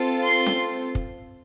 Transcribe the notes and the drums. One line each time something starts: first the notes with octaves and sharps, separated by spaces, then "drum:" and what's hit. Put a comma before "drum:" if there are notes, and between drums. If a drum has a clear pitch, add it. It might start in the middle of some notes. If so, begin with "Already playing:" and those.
Already playing: C4 F4 A4
C6
drum: snare C#4
drum: kick